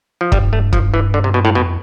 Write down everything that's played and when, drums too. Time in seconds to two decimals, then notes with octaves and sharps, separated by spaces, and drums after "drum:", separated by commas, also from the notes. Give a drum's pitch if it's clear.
0.21 F3
0.32 G2 G3, drum: kick
0.53 A3
0.73 F3, drum: kick
0.94 E3
1.14 D3
1.24 C3
1.34 B2
1.45 A2
1.55 F2 B2